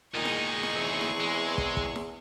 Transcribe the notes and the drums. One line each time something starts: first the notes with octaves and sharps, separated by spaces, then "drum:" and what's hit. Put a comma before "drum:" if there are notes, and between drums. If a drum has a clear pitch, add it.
D2 A#2 D#3 G#3 D#4 G#4 C#6
drum: snare
drum: snare
E2 E3 C4
drum: snare
G#3
drum: kick
drum: kick
drum: snare